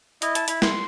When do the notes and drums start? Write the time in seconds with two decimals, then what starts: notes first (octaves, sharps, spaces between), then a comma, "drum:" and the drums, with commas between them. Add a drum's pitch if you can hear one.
0.22 E4 D#5, drum: hi-hat
0.35 A5, drum: hi-hat
0.48 E4 B5, drum: hi-hat
0.62 C6, drum: snare